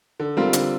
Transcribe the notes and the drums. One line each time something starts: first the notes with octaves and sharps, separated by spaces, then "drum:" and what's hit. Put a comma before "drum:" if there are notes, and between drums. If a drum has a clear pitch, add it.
D3
G3 C4 F4 A#4
D3, drum: hi-hat